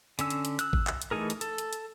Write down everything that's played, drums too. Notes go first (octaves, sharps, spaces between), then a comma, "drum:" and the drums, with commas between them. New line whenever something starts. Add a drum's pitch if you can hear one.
D3 C#4 E6, drum: hi-hat
drum: hi-hat
drum: hi-hat
E6 F#6, drum: hi-hat
drum: kick
drum: clap
drum: hi-hat
E3 A3 D#4 G#4 A#4
drum: hi-hat
A4, drum: hi-hat
drum: hi-hat
drum: hi-hat